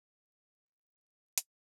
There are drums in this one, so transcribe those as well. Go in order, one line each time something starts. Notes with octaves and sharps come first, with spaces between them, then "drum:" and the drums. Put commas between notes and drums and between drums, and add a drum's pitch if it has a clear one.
D5
A1 C#7
C#4
drum: hi-hat